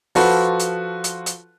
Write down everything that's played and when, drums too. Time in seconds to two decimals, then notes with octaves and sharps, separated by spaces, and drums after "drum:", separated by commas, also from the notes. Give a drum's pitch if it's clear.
0.15 F3 F4 F#4 A4 B4, drum: open hi-hat
0.60 drum: hi-hat
1.04 drum: hi-hat
1.26 drum: hi-hat